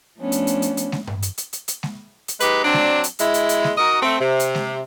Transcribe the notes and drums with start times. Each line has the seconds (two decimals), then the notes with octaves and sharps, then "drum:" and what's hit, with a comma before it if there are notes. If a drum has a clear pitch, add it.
0.19 F3 A3 B3 C#4 D4
0.32 drum: hi-hat
0.47 drum: hi-hat
0.62 drum: hi-hat
0.77 drum: hi-hat
0.92 drum: snare G#3
1.07 drum: tom G2
1.22 drum: hi-hat
1.38 drum: hi-hat
1.53 drum: hi-hat
1.68 drum: hi-hat
1.83 drum: snare G#3
2.28 drum: hi-hat
2.40 G#3 D#4 G4 B4, drum: hi-hat
2.63 F#3 C4 D4
2.73 drum: snare G#3
3.04 drum: hi-hat
3.19 G#3 E4, drum: hi-hat
3.34 drum: hi-hat
3.49 drum: hi-hat
3.64 drum: snare G#3
3.78 D#4 F#4 A#4 D#5
4.02 A3 C4
4.19 C3
4.40 drum: hi-hat
4.55 drum: snare G#3